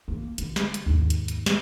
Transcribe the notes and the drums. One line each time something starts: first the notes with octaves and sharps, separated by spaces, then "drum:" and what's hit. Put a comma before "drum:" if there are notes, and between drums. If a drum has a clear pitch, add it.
A#3
D3, drum: hi-hat
drum: snare
drum: hi-hat
D#2 G#2
drum: hi-hat
drum: hi-hat
drum: snare